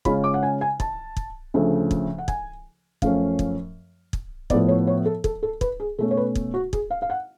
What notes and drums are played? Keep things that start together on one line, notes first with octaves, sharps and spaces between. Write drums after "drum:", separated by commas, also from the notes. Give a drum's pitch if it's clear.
C#3 G#3 C#4 F4 B5, drum: kick
D6
F#5
G#5
G#5
A5, drum: kick
drum: kick
D2 C#3 F3 A3
drum: kick
F#5
G#5, drum: kick
F#2 F3 A3 C#4 F5, drum: kick
drum: kick
drum: kick
A2 F3 B3 D5, drum: kick
C#5
C#5
A4
A4, drum: kick
A4
B4, drum: kick
G#4
B2 A3 C#4 A4
C#5
B4
drum: kick
F#4
G#4, drum: kick
F5
F5
F#5